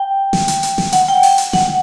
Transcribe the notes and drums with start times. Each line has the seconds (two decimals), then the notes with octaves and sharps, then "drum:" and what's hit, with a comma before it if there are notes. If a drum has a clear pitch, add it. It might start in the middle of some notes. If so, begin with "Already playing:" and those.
Already playing: G5
0.33 drum: snare
0.48 drum: hi-hat
0.63 drum: hi-hat
0.78 drum: snare
0.93 F#5, drum: hi-hat
1.08 G5
1.23 drum: open hi-hat
1.38 drum: hi-hat
1.53 F#5, drum: snare